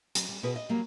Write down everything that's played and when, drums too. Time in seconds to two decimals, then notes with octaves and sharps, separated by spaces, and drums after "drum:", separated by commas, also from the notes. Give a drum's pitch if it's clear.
0.15 F#3, drum: hi-hat
0.29 G3
0.43 B2 F#4 G#4 B4
0.56 D#5
0.69 F#3 G3 A#3 G4